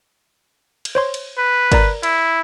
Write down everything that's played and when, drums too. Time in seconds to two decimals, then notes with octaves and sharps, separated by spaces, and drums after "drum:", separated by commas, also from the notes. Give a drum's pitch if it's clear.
0.85 drum: cymbal
0.95 C5 C#5 C6
1.14 drum: cymbal
1.38 B4
1.72 A#4 D5 A#5, drum: kick G1, cymbal
2.03 E4, drum: cymbal